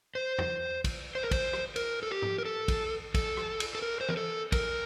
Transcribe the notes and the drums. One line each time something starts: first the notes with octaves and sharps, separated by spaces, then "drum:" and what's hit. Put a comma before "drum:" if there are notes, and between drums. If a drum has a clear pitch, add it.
C5
drum: tom
drum: kick, cymbal
C5
A#4
C5, drum: kick, cymbal
drum: rim click
A#4, drum: cymbal
A4
G4
drum: tom G#2
A#4
A4
drum: kick, cymbal
A4, drum: kick, cymbal
drum: rim click
drum: cymbal
A4
A#4
C5
A#4, drum: tom E3
A4
A#4, drum: kick, cymbal